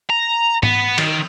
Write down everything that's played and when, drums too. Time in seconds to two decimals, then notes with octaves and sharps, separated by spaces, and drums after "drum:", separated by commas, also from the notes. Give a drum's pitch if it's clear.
0.10 A#5
0.63 B3, drum: tom G#2
0.98 D#3, drum: cymbal